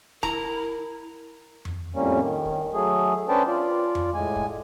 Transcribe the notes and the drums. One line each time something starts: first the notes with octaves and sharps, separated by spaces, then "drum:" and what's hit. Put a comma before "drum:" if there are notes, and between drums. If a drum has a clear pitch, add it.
E4 A#4 A#5, drum: kick
drum: tom F2
F2 A2 G3 A#3 C#4
D#3
drum: kick
F#3 A3 G#4
C#4 D4 B4 C5 G5 A5
F4 D5
drum: tom F2
A2 G#3 G#5
drum: kick